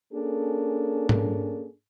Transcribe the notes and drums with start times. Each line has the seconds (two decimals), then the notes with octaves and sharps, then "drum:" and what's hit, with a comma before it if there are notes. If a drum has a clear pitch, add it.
0.14 A#3 C#4 D4 G#4 A4
1.09 drum: tom G#2